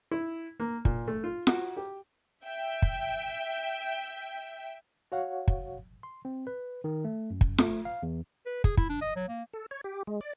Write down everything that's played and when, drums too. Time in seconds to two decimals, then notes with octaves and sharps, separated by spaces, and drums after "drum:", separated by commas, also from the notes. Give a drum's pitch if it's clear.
0.11 E4
0.60 A#3
0.85 A#2, drum: kick
1.08 A3
1.24 F4
1.47 F#4, drum: snare F4
1.77 G4
2.44 E5 G5
2.82 drum: kick
5.12 F#4 C#5 F5 F#5
5.48 drum: kick
6.03 C6
6.25 C4
6.47 B4
6.84 D#3
7.04 A3
7.30 F#2
7.41 drum: kick
7.58 A3, drum: snare F4
7.85 F5
8.03 E2
8.46 B4
8.64 G#4, drum: kick
8.77 E4, drum: kick
8.89 D4
9.01 D#5
9.16 F#3
9.28 A#3
9.53 A4
9.71 C#5
9.84 G4
10.07 G#3
10.21 D5